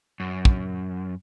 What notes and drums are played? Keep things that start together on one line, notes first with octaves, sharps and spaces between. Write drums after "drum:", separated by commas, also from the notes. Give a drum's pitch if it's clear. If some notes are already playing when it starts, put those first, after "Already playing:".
F#2
drum: kick